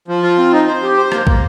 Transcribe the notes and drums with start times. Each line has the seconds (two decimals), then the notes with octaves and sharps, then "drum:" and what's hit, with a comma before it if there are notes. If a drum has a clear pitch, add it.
0.08 F3
0.23 F4
0.38 C4
0.53 D#4
0.67 C5
0.82 G4
0.97 C5
1.12 A#3, drum: rim click
1.27 A#3, drum: kick